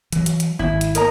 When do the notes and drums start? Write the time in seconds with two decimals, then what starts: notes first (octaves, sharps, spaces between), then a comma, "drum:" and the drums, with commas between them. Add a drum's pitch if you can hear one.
0.12 E3 F#3, drum: hi-hat
0.26 drum: hi-hat
0.40 drum: hi-hat
0.59 G#1 E4
0.81 drum: hi-hat
0.95 A#4 D#5 A#5, drum: hi-hat